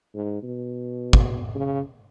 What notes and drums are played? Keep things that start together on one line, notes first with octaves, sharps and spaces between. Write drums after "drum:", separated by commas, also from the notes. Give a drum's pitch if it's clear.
G#2
B2
drum: kick
C#3